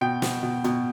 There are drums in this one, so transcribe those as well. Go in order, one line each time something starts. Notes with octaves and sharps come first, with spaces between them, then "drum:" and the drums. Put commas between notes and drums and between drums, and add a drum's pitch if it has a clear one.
B2 G5
B2, drum: snare
B2
B2, drum: tom